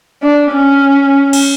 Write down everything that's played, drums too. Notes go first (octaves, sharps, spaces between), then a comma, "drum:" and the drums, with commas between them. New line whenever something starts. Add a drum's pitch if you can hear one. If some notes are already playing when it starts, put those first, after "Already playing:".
D4
C#4
drum: cymbal